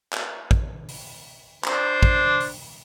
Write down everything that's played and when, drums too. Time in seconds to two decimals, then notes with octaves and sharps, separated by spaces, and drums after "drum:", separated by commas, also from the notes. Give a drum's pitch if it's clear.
0.13 drum: clap
0.51 drum: kick
0.89 drum: open hi-hat
1.65 D4 C5, drum: clap
2.03 drum: kick
2.40 drum: open hi-hat